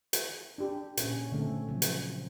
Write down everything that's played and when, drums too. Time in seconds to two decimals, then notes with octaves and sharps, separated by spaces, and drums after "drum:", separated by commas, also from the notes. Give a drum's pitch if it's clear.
0.13 drum: hi-hat
0.58 D4 G4
0.97 A#2 C#4, drum: hi-hat
1.32 D3 A3 C4 C#4
1.67 C#3 F3 F#3
1.82 drum: hi-hat